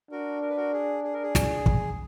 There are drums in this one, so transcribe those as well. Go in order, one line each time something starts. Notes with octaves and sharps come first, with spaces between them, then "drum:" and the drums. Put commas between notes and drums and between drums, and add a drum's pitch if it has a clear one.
D4 F#4 A#4
A#4
B4
F#4 A#4
G#4
G#4
A#4
G#4
drum: snare
drum: kick